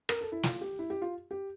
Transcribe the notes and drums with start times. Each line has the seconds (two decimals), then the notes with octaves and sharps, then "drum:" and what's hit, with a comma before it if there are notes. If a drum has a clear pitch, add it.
0.09 A#4, drum: rim click
0.21 A4
0.32 E4
0.43 F4, drum: snare
0.61 G4
0.79 E4
0.90 G4
1.02 F4
1.31 G4